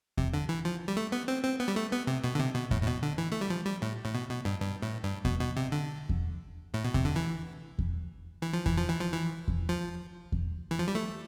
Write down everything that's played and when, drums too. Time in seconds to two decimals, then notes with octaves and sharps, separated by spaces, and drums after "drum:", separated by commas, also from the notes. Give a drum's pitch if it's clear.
0.17 C3, drum: kick E2
0.34 D3
0.49 E3
0.65 F3
0.88 G3
0.97 A3
1.12 B3
1.28 C4
1.44 C4
1.60 B3
1.68 G3
1.76 A3
1.92 B3
2.07 C3
2.24 B2
2.35 D3
2.39 C3
2.55 B2
2.71 A2, drum: kick E2
2.83 A2
2.87 B2
3.03 D3
3.18 E3
3.32 A3
3.41 G3
3.50 F3
3.66 G3
3.82 A2
4.05 A2
4.14 B2
4.29 B2
4.45 G2
4.62 G2
4.82 A2
5.03 G2
5.25 B2, drum: kick E2
5.40 B2
5.56 C3
5.72 D3
6.09 drum: kick E2
6.74 A2
6.84 B2
6.94 C3, drum: kick E2
7.05 D3
7.16 E3
7.79 drum: kick E2
8.42 E3
8.53 F3
8.66 E3, drum: kick E2
8.77 F3
8.89 E3
9.00 F3
9.13 E3
9.48 drum: kick E2
9.69 F3
10.32 drum: kick E2
10.71 E3
10.79 F3
10.88 G3
10.95 A3